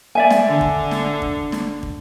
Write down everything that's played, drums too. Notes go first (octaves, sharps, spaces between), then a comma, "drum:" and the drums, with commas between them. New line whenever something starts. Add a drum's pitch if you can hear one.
D5 E5 G#5
drum: snare
D3
drum: kick
drum: snare
drum: kick
drum: snare
drum: kick